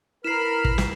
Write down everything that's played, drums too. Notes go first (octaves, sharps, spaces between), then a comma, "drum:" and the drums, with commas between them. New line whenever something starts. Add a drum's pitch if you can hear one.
E4 A#4 B4 B5 F6 C7 E7
drum: kick
drum: snare